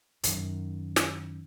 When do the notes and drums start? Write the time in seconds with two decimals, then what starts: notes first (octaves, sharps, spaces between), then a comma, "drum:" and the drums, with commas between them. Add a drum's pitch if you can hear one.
0.23 F#2 D#3, drum: hi-hat
0.96 drum: snare